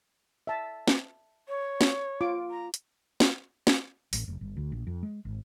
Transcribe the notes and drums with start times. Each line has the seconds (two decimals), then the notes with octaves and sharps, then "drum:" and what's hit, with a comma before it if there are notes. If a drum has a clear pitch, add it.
0.47 E5 A5
0.88 drum: snare
1.48 C#5
1.81 drum: snare
2.21 F4 D6
2.50 A#5
2.74 drum: hi-hat
3.20 drum: snare
3.67 drum: snare
4.13 A1, drum: open hi-hat
4.28 F1
4.41 G1
4.57 D2
4.72 A#1
4.87 F2
5.03 G#3
5.25 G#1